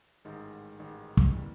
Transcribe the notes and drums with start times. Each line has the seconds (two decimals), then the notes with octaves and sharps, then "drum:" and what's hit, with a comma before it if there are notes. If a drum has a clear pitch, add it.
0.25 A1 G#2 D#3 G#3
0.79 A1 G#2 D#3 G#3
1.17 drum: kick
1.32 C3 E3 G3 A#3